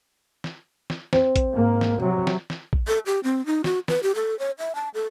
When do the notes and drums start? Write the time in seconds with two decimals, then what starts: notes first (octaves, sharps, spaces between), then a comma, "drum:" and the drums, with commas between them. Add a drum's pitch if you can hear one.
0.44 drum: snare
0.90 drum: snare
1.13 C4, drum: snare
1.36 drum: kick, hi-hat
1.52 G#2 A#3
1.81 drum: snare
1.98 C3 F#3
2.27 drum: snare
2.50 drum: snare
2.73 drum: kick
2.88 A4
3.06 G4
3.24 C4
3.46 D#4
3.64 F#4, drum: snare
3.88 B4, drum: snare
4.03 G4
4.15 A4
4.39 C#5
4.59 E5
4.75 A5
4.94 A4